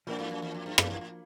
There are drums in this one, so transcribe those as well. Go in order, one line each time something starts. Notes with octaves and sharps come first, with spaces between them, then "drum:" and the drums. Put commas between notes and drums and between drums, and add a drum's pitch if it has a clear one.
A#2 F3 A#3 D4 F#4
G#2
F#2
E2
F2
G2
G#2, drum: rim click
A2
A2